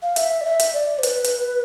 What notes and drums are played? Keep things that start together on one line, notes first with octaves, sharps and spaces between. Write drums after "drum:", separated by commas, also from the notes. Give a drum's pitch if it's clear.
F5
E5, drum: hi-hat
D5
E5
drum: hi-hat
D5
C5
B4, drum: hi-hat
drum: hi-hat